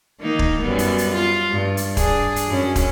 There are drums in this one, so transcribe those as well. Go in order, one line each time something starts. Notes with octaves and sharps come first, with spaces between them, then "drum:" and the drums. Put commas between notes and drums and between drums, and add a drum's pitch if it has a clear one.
D#3 A#3 D#4
drum: kick
F#2 G3 B3
drum: hi-hat
drum: hi-hat
F4
G2
drum: hi-hat
D4 G#4, drum: kick, hi-hat
drum: hi-hat
F#2 C#4
drum: kick, hi-hat